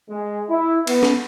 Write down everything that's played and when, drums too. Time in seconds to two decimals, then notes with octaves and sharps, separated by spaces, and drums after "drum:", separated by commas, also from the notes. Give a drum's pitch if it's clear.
0.10 G#3
0.50 E4
0.87 B3, drum: cymbal
1.03 drum: snare